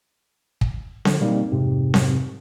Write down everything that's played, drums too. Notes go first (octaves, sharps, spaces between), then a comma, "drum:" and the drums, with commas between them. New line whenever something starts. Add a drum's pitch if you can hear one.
drum: kick
D3 F3, drum: snare C4
B2 G3 A#3 C4 D#4
F2 G#2 C3
drum: snare C4